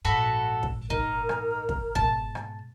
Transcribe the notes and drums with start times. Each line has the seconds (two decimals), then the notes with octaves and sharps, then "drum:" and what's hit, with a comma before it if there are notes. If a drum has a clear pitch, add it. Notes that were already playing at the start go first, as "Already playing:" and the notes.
0.05 A#1 G#2 F#4 A4 B5
0.63 drum: kick
0.90 D#4 A#4, drum: kick
1.29 drum: rim click
1.69 drum: kick
1.95 G#2 B2 A5, drum: kick
2.35 drum: rim click